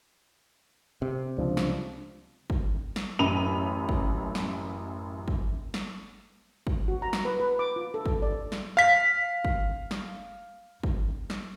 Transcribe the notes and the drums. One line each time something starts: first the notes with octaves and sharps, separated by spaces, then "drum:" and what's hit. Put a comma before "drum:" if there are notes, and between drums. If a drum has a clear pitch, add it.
C3
C#2 F3 D4
drum: snare
drum: kick
drum: snare
A1 F#2 B5 D#7 F7
drum: kick
drum: snare
drum: kick
drum: snare
drum: kick
F#4
A#5
drum: snare
B4
B4
D6
F4
A4
drum: kick
D5
drum: snare
F5 B6
drum: kick
drum: snare
drum: kick
drum: snare